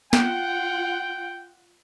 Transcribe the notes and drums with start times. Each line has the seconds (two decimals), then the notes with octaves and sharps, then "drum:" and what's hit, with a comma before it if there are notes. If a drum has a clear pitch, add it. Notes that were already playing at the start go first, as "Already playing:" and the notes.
0.13 F4 F#5 G5, drum: snare